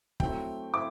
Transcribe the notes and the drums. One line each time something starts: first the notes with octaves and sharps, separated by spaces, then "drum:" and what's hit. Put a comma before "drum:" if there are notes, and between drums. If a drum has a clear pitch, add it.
F#3 A3 C4 E4 G5, drum: kick
C4 E4 D6